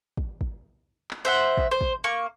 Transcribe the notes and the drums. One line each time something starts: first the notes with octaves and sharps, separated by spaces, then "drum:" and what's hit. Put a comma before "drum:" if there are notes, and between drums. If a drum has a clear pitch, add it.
drum: kick
drum: kick
drum: clap
C5 E5 F#5
drum: kick
C5
drum: kick
A#3 C#6